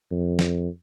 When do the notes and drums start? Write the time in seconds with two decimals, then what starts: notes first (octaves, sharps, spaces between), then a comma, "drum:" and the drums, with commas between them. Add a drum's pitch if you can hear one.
0.12 F2
0.39 drum: snare